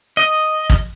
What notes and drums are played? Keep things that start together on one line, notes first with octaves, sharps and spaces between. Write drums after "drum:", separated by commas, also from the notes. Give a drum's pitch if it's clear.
D#5
drum: kick